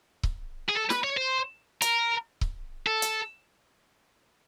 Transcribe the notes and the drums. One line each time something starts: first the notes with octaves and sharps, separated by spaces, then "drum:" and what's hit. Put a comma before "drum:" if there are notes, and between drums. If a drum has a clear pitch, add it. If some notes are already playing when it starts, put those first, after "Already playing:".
drum: kick C#1
G#4
A4
B4, drum: snare
C#5
C5
A#4, drum: hi-hat
drum: kick C#1
A4
drum: hi-hat